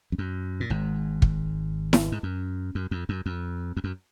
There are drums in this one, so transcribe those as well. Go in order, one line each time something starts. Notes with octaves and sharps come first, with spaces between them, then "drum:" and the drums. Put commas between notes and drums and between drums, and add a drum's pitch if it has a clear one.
F2
F#2
A#2
G#1 G#2
drum: kick
drum: snare E4
G#2
F#2
F#2
F2
F#2
F2
F2
F#2